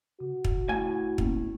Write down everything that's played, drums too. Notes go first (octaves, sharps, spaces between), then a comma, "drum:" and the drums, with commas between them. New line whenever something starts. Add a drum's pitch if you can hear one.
C#3 F#4
drum: kick
A2 G#5
A#3 B3 C#4, drum: kick